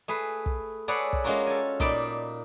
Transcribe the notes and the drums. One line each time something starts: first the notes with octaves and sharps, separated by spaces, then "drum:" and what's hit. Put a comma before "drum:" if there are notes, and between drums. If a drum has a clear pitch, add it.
A3 G#4 B4
drum: kick
G#4 A4 B4 C#5 D5 F#5
drum: kick
G#3 A#3 C#4 F4 F#4 A#4
A4 G#5
A#2 D#4 D5 G5 A5 B5, drum: kick